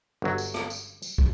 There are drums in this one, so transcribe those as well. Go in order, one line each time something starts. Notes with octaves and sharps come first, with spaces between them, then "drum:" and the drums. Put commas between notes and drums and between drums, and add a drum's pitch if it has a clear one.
G1 F#3
drum: tambourine
drum: rim click
drum: tambourine
drum: tambourine
drum: kick